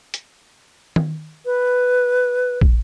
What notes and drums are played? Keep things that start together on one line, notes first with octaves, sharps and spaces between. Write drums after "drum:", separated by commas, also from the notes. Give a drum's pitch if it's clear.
drum: hi-hat
drum: tom D#3
B4
drum: kick